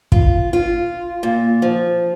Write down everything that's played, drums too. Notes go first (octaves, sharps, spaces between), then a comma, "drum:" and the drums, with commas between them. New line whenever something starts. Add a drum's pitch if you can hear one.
F4, drum: kick
F4
A#2
F3